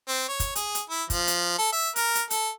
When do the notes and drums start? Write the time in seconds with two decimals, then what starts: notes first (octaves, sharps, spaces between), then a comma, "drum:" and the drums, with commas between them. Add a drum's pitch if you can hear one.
0.08 C4
0.28 C#5
0.40 drum: kick, hi-hat
0.55 G#4, drum: hi-hat
0.75 drum: hi-hat
0.90 E4
1.10 F3, drum: kick, hi-hat
1.27 drum: hi-hat
1.58 A4
1.72 E5
1.96 A#4, drum: hi-hat
2.15 drum: hi-hat
2.30 A4, drum: hi-hat